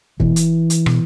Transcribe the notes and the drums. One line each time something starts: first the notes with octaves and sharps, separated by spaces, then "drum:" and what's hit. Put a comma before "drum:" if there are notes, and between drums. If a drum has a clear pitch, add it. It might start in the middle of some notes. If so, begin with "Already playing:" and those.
B2 E3, drum: kick
drum: hi-hat
drum: hi-hat
B2, drum: rim click